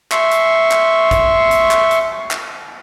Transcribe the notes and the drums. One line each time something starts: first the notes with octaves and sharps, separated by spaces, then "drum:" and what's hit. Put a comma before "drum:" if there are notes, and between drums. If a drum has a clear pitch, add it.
E5 C6 C#6, drum: clap
drum: hi-hat
drum: clap
drum: kick, hi-hat
drum: hi-hat
drum: clap
drum: hi-hat
drum: clap